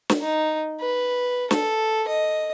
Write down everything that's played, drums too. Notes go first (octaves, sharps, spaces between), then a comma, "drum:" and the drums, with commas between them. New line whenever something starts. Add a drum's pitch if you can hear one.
drum: snare
D#4
B4
A4, drum: snare
D#5